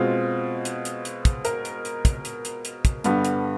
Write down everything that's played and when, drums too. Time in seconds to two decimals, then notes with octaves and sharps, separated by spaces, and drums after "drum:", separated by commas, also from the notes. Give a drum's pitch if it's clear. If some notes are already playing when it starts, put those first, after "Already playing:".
Already playing: B2 G#3 C4 F4
0.65 drum: hi-hat
0.85 drum: hi-hat
1.05 drum: hi-hat
1.25 drum: kick, hi-hat
1.45 A#4, drum: hi-hat
1.65 drum: hi-hat
1.85 drum: hi-hat
2.05 drum: kick, hi-hat
2.25 drum: hi-hat
2.45 drum: hi-hat
2.65 drum: hi-hat
2.85 drum: kick, hi-hat
3.04 G2 D3 G3 B3, drum: hi-hat
3.25 drum: hi-hat